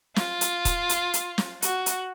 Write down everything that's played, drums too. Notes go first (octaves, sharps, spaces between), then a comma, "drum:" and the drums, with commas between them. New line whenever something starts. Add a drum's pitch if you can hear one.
F4, drum: snare
drum: hi-hat
drum: kick D#1, hi-hat
drum: hi-hat
drum: hi-hat
drum: snare
F#4, drum: hi-hat
drum: hi-hat